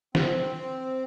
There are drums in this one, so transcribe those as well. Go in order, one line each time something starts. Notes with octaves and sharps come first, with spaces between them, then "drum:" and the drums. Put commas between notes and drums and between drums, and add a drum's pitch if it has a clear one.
C4, drum: snare